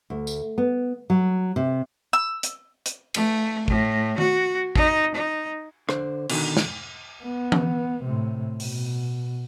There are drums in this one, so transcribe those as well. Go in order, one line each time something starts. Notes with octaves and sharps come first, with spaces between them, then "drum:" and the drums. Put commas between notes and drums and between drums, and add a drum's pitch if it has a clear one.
D2
drum: tambourine
B3
F#3
C3
E6
drum: hi-hat
drum: hi-hat
A3, drum: cymbal
A2, drum: kick
F#4, drum: tom D#3
D#4, drum: kick
D#4
D3 C5, drum: rim click
B2 D3 D#3, drum: cymbal
drum: snare
B3
drum: tom E3
A2 C3
B2, drum: open hi-hat